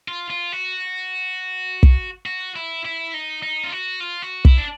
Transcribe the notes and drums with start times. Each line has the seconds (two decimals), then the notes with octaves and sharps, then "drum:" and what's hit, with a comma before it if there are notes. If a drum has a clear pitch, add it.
0.08 F4
0.30 F4
0.52 F#4
1.83 drum: kick
2.26 F#4
2.56 E4
2.85 E4
3.14 D#4
3.43 D#4
3.64 F4
3.72 F#4
4.00 F4
4.22 F#4
4.45 E4, drum: kick
4.57 D4